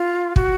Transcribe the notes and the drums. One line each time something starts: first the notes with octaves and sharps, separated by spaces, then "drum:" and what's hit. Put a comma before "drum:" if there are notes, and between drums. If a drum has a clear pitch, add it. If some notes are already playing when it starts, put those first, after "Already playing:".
Already playing: F4
F#4, drum: kick